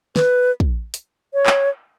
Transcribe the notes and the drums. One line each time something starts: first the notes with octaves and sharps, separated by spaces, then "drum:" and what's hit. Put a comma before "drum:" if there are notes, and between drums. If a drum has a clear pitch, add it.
B4, drum: snare
drum: kick
drum: hi-hat
C#5
drum: clap